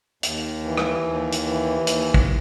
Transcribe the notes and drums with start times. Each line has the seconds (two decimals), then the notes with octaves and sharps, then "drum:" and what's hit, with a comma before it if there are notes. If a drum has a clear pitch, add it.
0.23 D#2, drum: hi-hat
0.64 E3
0.77 drum: rim click
1.05 D#2
1.32 drum: hi-hat
1.47 E3
1.87 D#2, drum: hi-hat
2.14 drum: kick